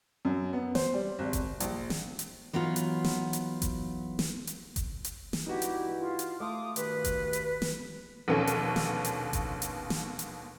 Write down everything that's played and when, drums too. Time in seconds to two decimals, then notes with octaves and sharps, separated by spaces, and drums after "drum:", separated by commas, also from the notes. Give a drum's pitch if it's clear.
0.25 F#2
0.53 B3
0.75 C5, drum: snare
0.94 G3
1.19 G#1
1.33 drum: kick F#1, hi-hat
1.60 A#1, drum: hi-hat
1.90 drum: snare
2.19 drum: hi-hat
2.53 E3 F#3 B3 D#4 F4
2.76 drum: hi-hat
3.04 drum: snare
3.33 drum: hi-hat
3.62 drum: kick F#1, hi-hat
4.19 drum: snare
4.47 drum: hi-hat
4.76 drum: kick F#1, hi-hat
5.05 drum: hi-hat
5.33 drum: snare
5.46 G2 E3 D#4 E4 F#4 G4
5.62 drum: hi-hat
5.99 F4
6.19 drum: hi-hat
6.40 A3 F5 C6 D6 D#6
6.76 G2 B2 D#3 B4, drum: hi-hat
7.05 drum: kick F#1, hi-hat
7.33 drum: hi-hat
7.62 drum: snare
8.28 A#1 D#2 B2 B3 C#4 A4
8.47 drum: hi-hat
8.76 drum: snare
9.05 drum: hi-hat
9.33 drum: kick F#1, hi-hat
9.62 drum: hi-hat
9.90 drum: snare
10.19 drum: hi-hat